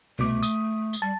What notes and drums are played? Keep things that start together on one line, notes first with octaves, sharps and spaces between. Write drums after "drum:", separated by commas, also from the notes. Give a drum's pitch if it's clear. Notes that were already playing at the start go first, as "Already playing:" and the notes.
C2 B2 A3 D6
D#6, drum: tambourine
drum: tambourine
G3 A5